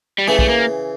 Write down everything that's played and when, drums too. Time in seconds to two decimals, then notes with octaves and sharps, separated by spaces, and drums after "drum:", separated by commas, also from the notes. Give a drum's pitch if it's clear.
0.18 G3
0.28 C#3 E3 A3
0.39 A3, drum: kick
0.49 A#3